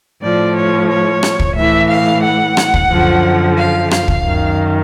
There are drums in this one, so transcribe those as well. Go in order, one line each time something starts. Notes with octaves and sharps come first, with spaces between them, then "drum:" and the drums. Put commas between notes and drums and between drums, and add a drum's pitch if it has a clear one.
A2 F3 D5
C#5
C#5
drum: rim click
drum: kick
A2 E3 E5
F5
F#5
drum: rim click
drum: kick
F#2 D3 F3
F5
F5, drum: rim click
drum: kick
F#2 D#3